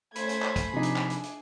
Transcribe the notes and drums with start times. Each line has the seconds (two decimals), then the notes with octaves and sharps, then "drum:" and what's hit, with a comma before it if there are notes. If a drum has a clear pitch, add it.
0.15 A3 C#4 C5 B5 G#6, drum: hi-hat
0.29 drum: hi-hat
0.42 drum: clap
0.56 drum: kick, hi-hat
0.74 C3 F3 D4 D#4 G#4
0.83 drum: hi-hat
0.96 drum: clap
1.10 drum: hi-hat
1.23 drum: hi-hat